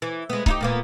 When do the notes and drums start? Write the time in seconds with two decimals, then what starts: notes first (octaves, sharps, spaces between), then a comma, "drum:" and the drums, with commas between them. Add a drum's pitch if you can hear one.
0.02 E3
0.30 G#3 B3
0.46 D#4 E4 G4, drum: kick C#1
0.61 A#2 A#3 B3